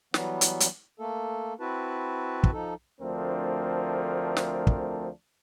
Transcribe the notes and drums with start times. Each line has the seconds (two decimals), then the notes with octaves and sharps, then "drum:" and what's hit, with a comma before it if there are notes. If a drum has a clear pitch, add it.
0.14 E3 F#3 G3 B3, drum: snare
0.41 drum: hi-hat
0.60 drum: hi-hat
1.00 A3 A#3 A4
1.60 C4 E4 F#4 B4 A5
2.44 drum: kick
2.53 F3 D#4 A4
3.01 D2 F3 A3 C4 D4 A#4
4.37 drum: snare
4.67 drum: kick